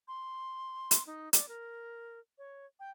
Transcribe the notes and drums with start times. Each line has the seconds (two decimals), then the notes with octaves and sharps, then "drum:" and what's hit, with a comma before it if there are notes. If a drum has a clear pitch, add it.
0.08 C6
0.91 drum: hi-hat
1.07 D#4
1.33 D5, drum: hi-hat
1.49 A#4
2.38 C#5
2.80 G5